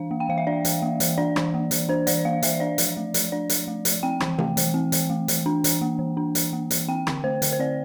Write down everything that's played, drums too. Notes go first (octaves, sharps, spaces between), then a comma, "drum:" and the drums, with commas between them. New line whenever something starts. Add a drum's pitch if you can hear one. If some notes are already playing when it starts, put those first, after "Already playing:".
Already playing: E3 D4 F5
A#3
G5
E3 F5
E5
D4 D5
E3, drum: hi-hat
A#3
E3, drum: hi-hat
D4 D5
E3, drum: rim click
A#3
E3, drum: hi-hat
D4 C5
E3 D5, drum: hi-hat
A#3 F5
E3 E5, drum: hi-hat
D4 D5
F3, drum: hi-hat
A3
F3, drum: hi-hat
D4 D5
F3, drum: hi-hat
A3
F3, drum: hi-hat
C4 G5
E3, drum: rim click
A3, drum: tom C3
E3, drum: hi-hat
C4
E3, drum: hi-hat
A3
E3, drum: hi-hat
D4
E3, drum: hi-hat
A#3
E3
D4
E3, drum: hi-hat
A#3
E3, drum: hi-hat
C4 G5
D3, drum: rim click
A3 C5
D3, drum: hi-hat
C5
C4 D5